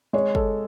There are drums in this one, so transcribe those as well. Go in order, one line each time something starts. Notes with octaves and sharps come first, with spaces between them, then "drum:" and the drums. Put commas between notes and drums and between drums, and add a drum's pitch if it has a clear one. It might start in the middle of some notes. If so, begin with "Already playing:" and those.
G#3 C#5
A4, drum: kick